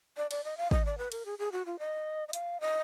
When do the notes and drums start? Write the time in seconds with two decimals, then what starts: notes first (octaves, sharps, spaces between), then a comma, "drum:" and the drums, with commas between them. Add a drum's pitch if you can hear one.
0.17 D5
0.31 D5, drum: cymbal
0.44 D#5
0.57 F5
0.71 D#5, drum: kick
0.85 D5
0.98 B4
1.12 A#4, drum: cymbal
1.25 G#4
1.39 G#4
1.52 F#4
1.66 F4
1.79 D#5
2.28 D#5
2.33 F5, drum: hi-hat
2.61 D#5